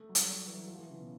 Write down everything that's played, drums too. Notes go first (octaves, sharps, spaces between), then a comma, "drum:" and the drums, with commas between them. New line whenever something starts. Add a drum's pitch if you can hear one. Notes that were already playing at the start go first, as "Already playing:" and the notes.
Already playing: A3
F#3
G3, drum: hi-hat
F#3
E3
F#3
F3
E3
C#3
B2